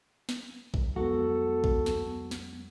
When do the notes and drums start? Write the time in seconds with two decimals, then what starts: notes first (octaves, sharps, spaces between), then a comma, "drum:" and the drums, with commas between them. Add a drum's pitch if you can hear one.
0.29 drum: snare
0.74 drum: kick B1
0.96 F2 F#3 G#3 B3 F#4 A4
1.64 drum: kick B1
1.86 drum: snare
2.31 drum: snare